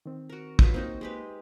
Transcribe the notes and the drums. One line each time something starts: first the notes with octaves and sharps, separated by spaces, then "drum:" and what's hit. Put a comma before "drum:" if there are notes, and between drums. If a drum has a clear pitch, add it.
D#3 C4
F#4 A#4
F#3 F4 B4, drum: kick
A#3 C4 D#4 F#4
G#3 G4 B4